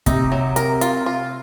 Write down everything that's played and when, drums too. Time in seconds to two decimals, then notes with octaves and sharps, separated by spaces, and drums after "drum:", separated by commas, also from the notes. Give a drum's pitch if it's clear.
0.06 C3 D#4, drum: kick, hi-hat
0.32 F#3
0.56 A#4, drum: hi-hat
0.81 F4, drum: hi-hat
1.06 F4